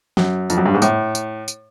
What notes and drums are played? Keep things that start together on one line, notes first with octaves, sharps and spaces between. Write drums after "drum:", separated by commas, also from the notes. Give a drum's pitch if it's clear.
F#2, drum: snare
F2, drum: tambourine
F#2
G2
G#2
A2, drum: tambourine
drum: tambourine
drum: tambourine